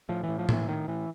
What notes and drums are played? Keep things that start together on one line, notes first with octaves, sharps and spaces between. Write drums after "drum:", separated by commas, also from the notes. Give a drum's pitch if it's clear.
A2 F3
E3
A2
F3
A2 E3, drum: tom A2
A2 D#3
A2 E3